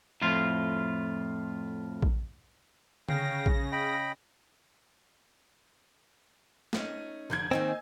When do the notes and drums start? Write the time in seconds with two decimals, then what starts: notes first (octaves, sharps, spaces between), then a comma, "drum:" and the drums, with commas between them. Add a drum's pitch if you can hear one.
0.22 F2 A2 F4
2.02 drum: kick A#1
3.09 C#3 F5 G5 A#6, drum: tom D3
3.46 drum: kick A#1
3.72 D#5 G5 B5
6.73 A3 C#4 D#4, drum: snare
7.30 F1 D3 E3 D4 G6 G#6
7.51 D#3 A#3 C4 D#4 C5 D#5 G#5 E6